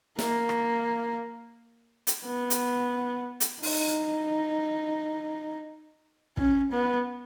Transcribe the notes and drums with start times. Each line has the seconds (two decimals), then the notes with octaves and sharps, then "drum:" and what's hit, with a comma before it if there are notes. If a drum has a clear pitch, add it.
0.19 A#3, drum: snare
0.49 drum: rim click
2.07 drum: hi-hat
2.25 B3
2.50 drum: hi-hat
3.40 drum: hi-hat
3.63 D#4, drum: open hi-hat
6.37 C#4, drum: kick
6.72 B3